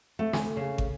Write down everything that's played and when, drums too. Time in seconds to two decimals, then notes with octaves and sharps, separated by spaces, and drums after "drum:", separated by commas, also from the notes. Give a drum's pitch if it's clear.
0.19 A3
0.33 G#5, drum: snare
0.57 C#3
0.78 drum: kick